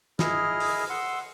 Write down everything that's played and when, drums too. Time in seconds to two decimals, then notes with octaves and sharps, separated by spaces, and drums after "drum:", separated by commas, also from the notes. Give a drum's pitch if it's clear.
0.19 E4 G#4 D#5 F6, drum: snare
0.60 drum: open hi-hat
0.90 F#5 C6 E6